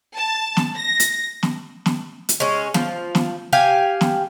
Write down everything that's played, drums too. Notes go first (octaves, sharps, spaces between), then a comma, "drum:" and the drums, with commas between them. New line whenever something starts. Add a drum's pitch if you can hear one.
A5
drum: snare
A#6
drum: hi-hat
drum: snare
drum: snare
drum: hi-hat
G#3 C#4
F3, drum: snare
drum: snare
G4 F5 G5 G#5
drum: snare